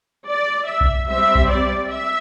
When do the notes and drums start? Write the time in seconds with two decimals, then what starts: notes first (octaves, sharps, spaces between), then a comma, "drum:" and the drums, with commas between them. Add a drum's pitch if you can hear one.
0.27 D5
0.67 E5
0.81 drum: kick B1
1.07 G3 C4 E5
1.35 drum: kick B1
1.49 D5
1.90 E5